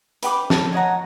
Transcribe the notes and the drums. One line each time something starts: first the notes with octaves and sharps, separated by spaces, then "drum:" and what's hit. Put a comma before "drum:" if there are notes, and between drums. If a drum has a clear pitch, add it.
B4 G5 B5 D6, drum: hi-hat
A4, drum: snare
C#5 D#5 F#5 A#5